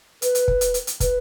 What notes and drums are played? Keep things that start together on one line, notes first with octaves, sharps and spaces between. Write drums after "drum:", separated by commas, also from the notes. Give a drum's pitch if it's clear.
B4, drum: hi-hat
drum: hi-hat
drum: kick
drum: hi-hat
drum: hi-hat
drum: hi-hat
B4, drum: kick, hi-hat